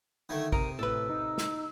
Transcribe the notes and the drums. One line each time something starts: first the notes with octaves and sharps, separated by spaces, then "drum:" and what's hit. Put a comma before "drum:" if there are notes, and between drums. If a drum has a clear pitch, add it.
D3 D#3 A3 G#6
C3 A#4 D#6, drum: kick A1
A2 A4 B4 E6
D#4
drum: snare